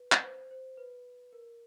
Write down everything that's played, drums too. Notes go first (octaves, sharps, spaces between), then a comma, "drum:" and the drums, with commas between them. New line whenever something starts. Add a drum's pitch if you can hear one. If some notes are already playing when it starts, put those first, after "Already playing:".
Already playing: B4
drum: clap
C5
C5
B4
A#4